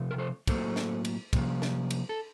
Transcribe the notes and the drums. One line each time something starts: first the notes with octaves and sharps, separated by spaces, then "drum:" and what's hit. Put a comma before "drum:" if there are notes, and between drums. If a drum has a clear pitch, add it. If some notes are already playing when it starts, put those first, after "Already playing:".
Already playing: C3 F3 A3
A#4
A4 C5
A2 F#3 A#3 A4 C5, drum: kick, cymbal
drum: snare
drum: cymbal
C3 F3 A#3, drum: kick, cymbal
drum: snare
drum: cymbal
A4